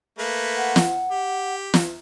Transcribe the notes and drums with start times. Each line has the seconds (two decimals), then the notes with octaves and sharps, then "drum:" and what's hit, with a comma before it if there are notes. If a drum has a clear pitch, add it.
0.19 A3 A#3 B4
0.57 F#5
0.76 drum: snare
1.11 G4
1.74 drum: snare